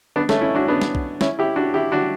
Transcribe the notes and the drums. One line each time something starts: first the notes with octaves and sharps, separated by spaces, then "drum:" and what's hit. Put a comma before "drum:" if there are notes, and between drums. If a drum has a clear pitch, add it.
B3 D4
A3 C#4, drum: snare
C#4 E4
D4 F#4
B3 D4
drum: snare
drum: kick
C#4 E4, drum: snare
E4 G4
D4 F#4
E4 G4
D4 F#4